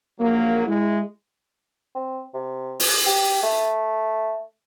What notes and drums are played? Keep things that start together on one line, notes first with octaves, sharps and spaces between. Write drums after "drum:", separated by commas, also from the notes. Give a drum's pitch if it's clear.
A#1 F#3 A#3
G#3 E4
C4
C3
drum: open hi-hat
G4
A3